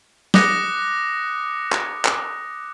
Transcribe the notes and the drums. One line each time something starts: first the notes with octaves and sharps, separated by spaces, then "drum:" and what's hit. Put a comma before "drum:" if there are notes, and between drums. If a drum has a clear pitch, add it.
D6 D#6 F#6 A#6 C#7, drum: snare
drum: clap
drum: clap